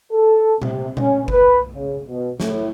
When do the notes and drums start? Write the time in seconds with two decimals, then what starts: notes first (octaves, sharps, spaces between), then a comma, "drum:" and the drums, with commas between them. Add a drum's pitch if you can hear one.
0.12 A4
0.62 C3, drum: tom A#2
0.97 C#4, drum: tom A#2
1.28 B4, drum: kick G1
1.74 C#3
2.08 B2
2.40 A2, drum: snare